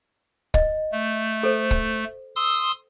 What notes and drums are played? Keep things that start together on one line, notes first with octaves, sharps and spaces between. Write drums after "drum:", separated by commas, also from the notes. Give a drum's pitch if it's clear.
D#5, drum: kick
A3
A4 C5
drum: kick
C6 D#6 E6